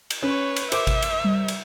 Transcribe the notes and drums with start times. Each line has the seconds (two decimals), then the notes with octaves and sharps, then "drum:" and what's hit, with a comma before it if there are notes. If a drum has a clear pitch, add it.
0.10 drum: cymbal
0.22 C#4 B4 C#5
0.56 drum: cymbal
0.72 A#4 C5 E5 D6, drum: cymbal
0.87 drum: kick G#1, cymbal
1.02 drum: cymbal
1.24 G3
1.48 drum: cymbal